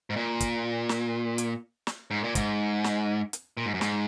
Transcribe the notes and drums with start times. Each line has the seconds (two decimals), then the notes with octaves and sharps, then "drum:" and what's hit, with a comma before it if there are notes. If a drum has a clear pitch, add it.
0.10 G#2
0.16 A#2
0.40 drum: kick, hi-hat
0.89 drum: snare
1.38 drum: hi-hat
1.87 drum: snare
2.11 G#2
2.24 A#2
2.35 G#2, drum: kick, hi-hat
2.84 drum: snare
3.33 drum: hi-hat
3.57 A#2
3.66 G#2
3.74 F#2
3.81 G#2, drum: snare